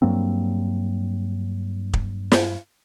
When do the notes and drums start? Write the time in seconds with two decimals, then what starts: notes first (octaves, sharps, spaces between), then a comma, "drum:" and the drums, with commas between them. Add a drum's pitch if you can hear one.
0.02 G2 F#3 A#3 C4
1.93 drum: kick
2.32 drum: snare